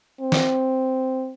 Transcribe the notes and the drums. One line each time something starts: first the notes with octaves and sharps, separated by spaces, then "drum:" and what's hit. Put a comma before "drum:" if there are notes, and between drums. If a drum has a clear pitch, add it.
C4
drum: snare